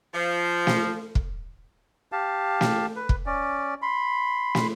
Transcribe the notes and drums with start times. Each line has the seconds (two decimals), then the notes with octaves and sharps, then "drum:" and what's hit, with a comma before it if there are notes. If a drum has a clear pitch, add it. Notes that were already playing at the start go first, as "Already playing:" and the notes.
0.14 F3
0.67 drum: snare
1.15 drum: kick
2.12 G4 F5 A5
2.61 drum: snare
2.96 B4
3.09 drum: kick
3.26 C#4 D5
3.82 B5 C6
4.55 drum: snare